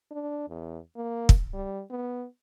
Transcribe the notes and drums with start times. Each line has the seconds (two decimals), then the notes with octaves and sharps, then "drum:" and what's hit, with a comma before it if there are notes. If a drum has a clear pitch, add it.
0.11 D4
0.49 E2
0.96 A#3
1.29 drum: kick
1.54 G3
1.91 B3